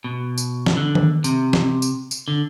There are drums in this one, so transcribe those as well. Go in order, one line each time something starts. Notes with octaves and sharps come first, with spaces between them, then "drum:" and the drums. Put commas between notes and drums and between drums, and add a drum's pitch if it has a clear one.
B2
drum: tambourine
drum: snare
D3
drum: tom D#3
C3, drum: tambourine
drum: snare
drum: tambourine
drum: tambourine
D3